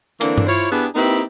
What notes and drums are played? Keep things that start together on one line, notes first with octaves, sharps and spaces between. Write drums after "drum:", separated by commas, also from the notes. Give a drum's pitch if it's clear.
D3 E3 A#3 C4 D4, drum: hi-hat
drum: tom G2
E4 F4 C5 C#5
B3 D4 E4 G4 G#4
A#3 C4 D#4 E4 G4 B4